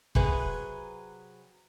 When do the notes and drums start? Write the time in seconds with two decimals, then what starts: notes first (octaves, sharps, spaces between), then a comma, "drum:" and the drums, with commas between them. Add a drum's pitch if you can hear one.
0.15 C3 F#3 G#4 B4, drum: kick